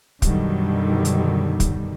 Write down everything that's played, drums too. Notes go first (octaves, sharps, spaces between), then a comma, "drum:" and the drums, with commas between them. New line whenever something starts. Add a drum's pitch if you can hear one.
F#2 B2 D3 D#3 F#3 G3, drum: kick, hi-hat
drum: hi-hat
drum: kick, hi-hat